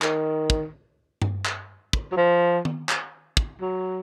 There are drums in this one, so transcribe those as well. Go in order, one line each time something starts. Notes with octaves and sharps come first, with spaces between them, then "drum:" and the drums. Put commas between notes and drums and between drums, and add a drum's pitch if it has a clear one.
D#3, drum: clap
drum: kick
drum: tom G2
drum: clap
drum: kick
F#3
F3
drum: tom D#3
drum: clap
drum: kick
F#3